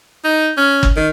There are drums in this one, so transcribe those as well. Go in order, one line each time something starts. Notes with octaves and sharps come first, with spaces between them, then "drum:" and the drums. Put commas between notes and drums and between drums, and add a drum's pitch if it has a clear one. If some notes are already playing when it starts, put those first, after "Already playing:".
D#4
C#4
drum: kick
D#3